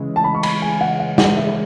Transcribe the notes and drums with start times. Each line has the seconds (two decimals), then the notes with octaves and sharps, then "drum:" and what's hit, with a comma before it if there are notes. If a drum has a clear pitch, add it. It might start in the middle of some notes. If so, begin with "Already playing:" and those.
Already playing: C#3 E3 G#3
0.16 A5
0.24 B5
0.35 C#6
0.43 B5, drum: cymbal
0.62 G#5
0.81 F#5
1.00 F#5
1.18 F#5, drum: snare
1.37 E5